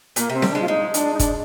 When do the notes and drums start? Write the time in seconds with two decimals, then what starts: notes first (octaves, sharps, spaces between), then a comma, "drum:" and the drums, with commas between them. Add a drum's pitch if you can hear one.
0.16 A#2 A#3, drum: hi-hat
0.30 C3 C4
0.42 G3, drum: snare C4
0.51 G#3 D4
0.61 F4
0.68 G#3 D#4
0.94 D4, drum: hi-hat
1.14 D#4
1.19 D4, drum: kick, hi-hat